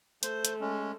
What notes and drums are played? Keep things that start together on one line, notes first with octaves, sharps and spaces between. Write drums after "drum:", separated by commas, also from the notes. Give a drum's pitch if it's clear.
A3 C5, drum: hi-hat
drum: hi-hat
G#3 C#4